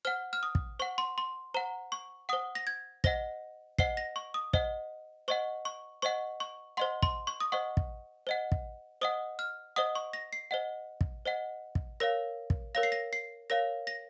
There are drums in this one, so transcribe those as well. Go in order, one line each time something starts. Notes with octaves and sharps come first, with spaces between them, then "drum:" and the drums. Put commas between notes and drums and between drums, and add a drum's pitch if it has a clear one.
C5 F#5 F6
F6
D#6
drum: kick
C5 F#5 C#6
C6
C6
C5 F#5 A#5
C#6
C5 F#5 D#6
A#6
G#6
C5 D#5 F#5 A#6, drum: kick
C5 D#5 F#5 C7, drum: kick
A#6
C#6
D#6
C5 D#5 F#5, drum: kick
C5 D#5 F#5 C#6
C#6
C5 D#5 F#5 C#6
C#6
C5 D#5 F#5 C6
C6, drum: kick
C#6
D#6
C5 D#5 F#5 C#6
drum: kick
C5 D#5 F#5
drum: kick
C5 D#5 F#5 D#6
F6
C5 D#5 F#5 D#6
C#6
A#6
C7
C5 D#5 F#5
drum: kick
C5 D#5 F#5
drum: kick
A#4 C#5 F5 A#6
drum: kick
A#4 C#5 F5 A#6
C7
A#6
C7
A#4 C#5 F5 A#6
A#6